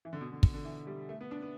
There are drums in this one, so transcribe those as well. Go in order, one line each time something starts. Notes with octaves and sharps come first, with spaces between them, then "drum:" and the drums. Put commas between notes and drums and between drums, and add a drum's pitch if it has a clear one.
E3
D3
B2
D3
drum: kick
D3
E3
G3
A3
B3
D4
B3